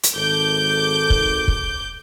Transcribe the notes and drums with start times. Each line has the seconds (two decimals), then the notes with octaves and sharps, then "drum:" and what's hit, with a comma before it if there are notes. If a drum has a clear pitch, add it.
0.03 drum: hi-hat
0.14 G#1 D#3 A4 D6 G6
1.10 drum: kick
1.48 drum: kick